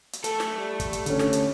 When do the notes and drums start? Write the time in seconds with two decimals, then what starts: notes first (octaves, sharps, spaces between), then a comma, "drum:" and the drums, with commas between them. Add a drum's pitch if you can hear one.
0.13 drum: hi-hat
0.24 A3 A4, drum: hi-hat
0.40 drum: snare
0.58 G3
0.80 drum: kick, hi-hat
0.93 drum: hi-hat
1.06 D3 C#4, drum: hi-hat
1.19 drum: snare
1.33 drum: hi-hat